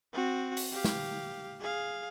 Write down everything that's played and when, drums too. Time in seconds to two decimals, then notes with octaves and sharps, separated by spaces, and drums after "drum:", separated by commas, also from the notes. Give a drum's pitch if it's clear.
0.13 C4 F#4
0.57 drum: open hi-hat
0.72 G4 F5
0.84 drum: snare
1.60 G#4 F5